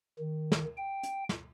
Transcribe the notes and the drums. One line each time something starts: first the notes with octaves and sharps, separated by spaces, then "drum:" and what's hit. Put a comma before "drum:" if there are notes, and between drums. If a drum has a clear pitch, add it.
D#3
drum: snare
G5
drum: hi-hat
drum: snare